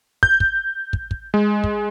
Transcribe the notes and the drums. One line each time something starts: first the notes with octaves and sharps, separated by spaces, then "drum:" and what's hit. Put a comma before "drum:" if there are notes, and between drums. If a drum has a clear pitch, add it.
G6, drum: kick
drum: kick
drum: kick
drum: kick
G#3
drum: kick